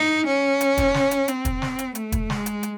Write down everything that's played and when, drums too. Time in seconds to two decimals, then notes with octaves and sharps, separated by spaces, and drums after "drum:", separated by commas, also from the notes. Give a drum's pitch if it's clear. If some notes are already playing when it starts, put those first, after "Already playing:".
Already playing: D#4
0.27 C#4
0.61 drum: hi-hat
0.78 drum: kick, hi-hat
0.94 drum: snare
1.11 drum: hi-hat
1.28 C4, drum: hi-hat
1.45 drum: kick, hi-hat
1.62 drum: snare
1.79 drum: hi-hat
1.95 A3, drum: hi-hat
2.12 drum: kick, hi-hat
2.30 G#3, drum: snare
2.46 drum: hi-hat
2.63 drum: hi-hat